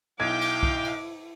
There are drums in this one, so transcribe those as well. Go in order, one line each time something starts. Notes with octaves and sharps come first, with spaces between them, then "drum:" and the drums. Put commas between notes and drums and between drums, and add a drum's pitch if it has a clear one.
B1 E4 F5 G5 D6 G#6
drum: cymbal
drum: kick
drum: cymbal